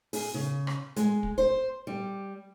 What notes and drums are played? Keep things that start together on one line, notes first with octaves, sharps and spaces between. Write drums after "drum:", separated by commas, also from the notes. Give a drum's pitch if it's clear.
G#4, drum: open hi-hat
C#3
drum: rim click
G#3, drum: hi-hat
drum: kick
C5
G3